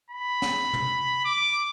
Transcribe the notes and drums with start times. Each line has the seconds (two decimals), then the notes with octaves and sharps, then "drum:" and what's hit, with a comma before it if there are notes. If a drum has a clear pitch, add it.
0.11 B5
0.42 drum: snare
0.73 drum: tom
1.25 D6